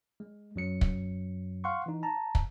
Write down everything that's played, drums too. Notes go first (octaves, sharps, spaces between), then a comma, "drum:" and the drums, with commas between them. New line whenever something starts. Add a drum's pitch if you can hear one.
G#3
F#2 F#3 C#7
drum: kick
F5 F#5 C6 C#6
E3 D#4
A5 A#5
drum: kick